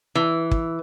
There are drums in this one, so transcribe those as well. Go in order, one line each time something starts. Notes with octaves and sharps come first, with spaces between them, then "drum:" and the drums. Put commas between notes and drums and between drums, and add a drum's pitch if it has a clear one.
E3
drum: kick